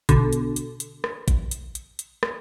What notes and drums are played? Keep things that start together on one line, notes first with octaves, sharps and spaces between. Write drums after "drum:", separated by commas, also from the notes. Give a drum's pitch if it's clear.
B2 D3, drum: kick A1, hi-hat
drum: hi-hat
drum: hi-hat
drum: hi-hat
drum: rim click
drum: kick A1, hi-hat
drum: hi-hat
drum: hi-hat
drum: hi-hat
drum: rim click